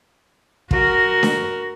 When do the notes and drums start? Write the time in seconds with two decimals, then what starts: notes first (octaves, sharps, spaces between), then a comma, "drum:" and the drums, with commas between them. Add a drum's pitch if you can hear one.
0.71 F#4 A#4, drum: kick
1.23 drum: snare D4